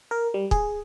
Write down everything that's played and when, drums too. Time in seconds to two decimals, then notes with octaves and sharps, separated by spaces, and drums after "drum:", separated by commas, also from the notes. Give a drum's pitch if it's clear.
0.11 A#4
0.34 G3
0.51 G#4, drum: kick